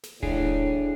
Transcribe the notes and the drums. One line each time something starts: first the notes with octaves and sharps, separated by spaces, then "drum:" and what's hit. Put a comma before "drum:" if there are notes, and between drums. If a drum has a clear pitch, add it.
drum: snare
A2 D4 G#4, drum: kick D#1